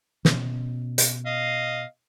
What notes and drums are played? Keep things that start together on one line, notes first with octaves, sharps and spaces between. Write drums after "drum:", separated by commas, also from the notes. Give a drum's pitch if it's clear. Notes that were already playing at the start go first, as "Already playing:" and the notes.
B2 C#4, drum: snare
drum: hi-hat
D#5 F5